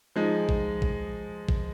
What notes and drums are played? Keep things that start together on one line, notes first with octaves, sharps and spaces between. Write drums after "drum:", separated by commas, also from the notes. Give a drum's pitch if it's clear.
F3 G#3 D#4
drum: kick A1
drum: kick A1
drum: kick A1